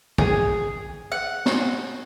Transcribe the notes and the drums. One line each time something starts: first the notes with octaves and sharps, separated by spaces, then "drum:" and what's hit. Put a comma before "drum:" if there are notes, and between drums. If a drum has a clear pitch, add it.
G#4, drum: kick
F#5
drum: snare